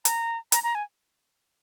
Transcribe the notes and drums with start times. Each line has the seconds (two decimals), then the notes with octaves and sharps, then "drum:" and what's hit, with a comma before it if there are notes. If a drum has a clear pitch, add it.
0.05 A#5, drum: hi-hat
0.52 A#5, drum: hi-hat
0.63 A#5
0.75 G#5